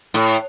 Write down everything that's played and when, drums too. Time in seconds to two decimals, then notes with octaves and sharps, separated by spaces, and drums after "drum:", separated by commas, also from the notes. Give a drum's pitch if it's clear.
0.14 A2, drum: tambourine